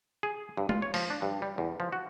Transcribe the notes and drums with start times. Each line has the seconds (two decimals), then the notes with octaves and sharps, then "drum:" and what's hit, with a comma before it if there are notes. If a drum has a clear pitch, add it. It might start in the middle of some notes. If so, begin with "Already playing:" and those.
0.23 G#4
0.57 G2
0.69 F4, drum: tom G#3
0.82 C#5
0.94 F3, drum: open hi-hat
1.10 D4
1.22 G2
1.42 G3
1.58 E2
1.80 F3
1.92 F#4